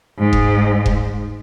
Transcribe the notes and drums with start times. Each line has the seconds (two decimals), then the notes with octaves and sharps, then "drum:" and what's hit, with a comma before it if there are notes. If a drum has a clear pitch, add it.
0.19 G#2
0.33 drum: kick F1
0.86 drum: kick F1